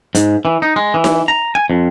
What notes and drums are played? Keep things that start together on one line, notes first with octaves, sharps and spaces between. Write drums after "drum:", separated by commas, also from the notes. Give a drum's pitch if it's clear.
G#2, drum: hi-hat
E3
D#4
G#3
E3
drum: snare D#4
A#5
G#5
F2